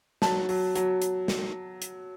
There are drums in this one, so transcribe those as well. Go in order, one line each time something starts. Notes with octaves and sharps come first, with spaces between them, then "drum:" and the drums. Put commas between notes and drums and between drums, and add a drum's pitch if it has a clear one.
F#3 A5, drum: snare
F#3, drum: open hi-hat
F#3, drum: hi-hat
drum: hi-hat
drum: snare
drum: hi-hat